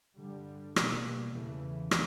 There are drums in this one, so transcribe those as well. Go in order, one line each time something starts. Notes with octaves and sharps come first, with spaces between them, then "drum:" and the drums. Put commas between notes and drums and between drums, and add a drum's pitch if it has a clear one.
G2 D3 G3
B2 G3 A#3, drum: rim click
E2 C#3 E3 A3
drum: rim click